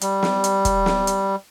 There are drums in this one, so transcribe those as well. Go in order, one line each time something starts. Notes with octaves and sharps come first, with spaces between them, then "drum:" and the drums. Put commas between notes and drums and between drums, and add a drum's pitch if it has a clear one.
G3, drum: hi-hat
drum: snare
drum: hi-hat
drum: kick, hi-hat
drum: snare
drum: hi-hat